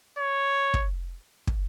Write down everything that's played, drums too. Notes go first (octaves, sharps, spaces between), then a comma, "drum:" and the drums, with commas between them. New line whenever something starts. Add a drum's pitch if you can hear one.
C#5
drum: kick
drum: kick